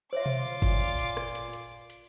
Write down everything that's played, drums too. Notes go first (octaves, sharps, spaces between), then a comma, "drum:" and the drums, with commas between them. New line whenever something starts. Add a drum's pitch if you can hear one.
F4 C5 C#5 E5 D6
drum: tom B2
A#2, drum: kick G1, hi-hat
drum: hi-hat
drum: hi-hat
drum: rim click
drum: hi-hat
drum: hi-hat
drum: hi-hat